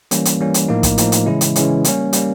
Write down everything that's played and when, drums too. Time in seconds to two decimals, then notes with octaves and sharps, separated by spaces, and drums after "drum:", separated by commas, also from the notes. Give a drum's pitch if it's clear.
0.11 E3 G3 A#3 C#4, drum: hi-hat
0.25 drum: hi-hat
0.40 E3 G3 A#3 C#4
0.54 drum: hi-hat
0.68 A2 F3 A#3 D#4
0.83 drum: kick, hi-hat
0.98 A2 F3 A#3 D#4, drum: hi-hat
1.12 drum: hi-hat
1.26 C#3 E3 G#3 C#4 E4
1.41 drum: hi-hat
1.56 C#3 E3 G#3 C#4 E4, drum: hi-hat
1.84 G3 A#3 C#4, drum: hi-hat
2.13 G3 A#3 C#4, drum: hi-hat